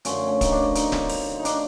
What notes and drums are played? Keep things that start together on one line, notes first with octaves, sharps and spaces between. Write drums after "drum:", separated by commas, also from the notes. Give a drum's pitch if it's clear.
F#2 D3 F3 A3 C#4, drum: hi-hat
C#4
D#4, drum: kick, hi-hat
D4
D#4, drum: hi-hat
drum: snare D1
drum: open hi-hat
D#4
D4, drum: hi-hat